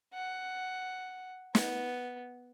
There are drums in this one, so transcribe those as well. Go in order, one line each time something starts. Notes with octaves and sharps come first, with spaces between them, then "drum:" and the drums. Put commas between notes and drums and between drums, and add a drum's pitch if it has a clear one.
F#5
B3, drum: snare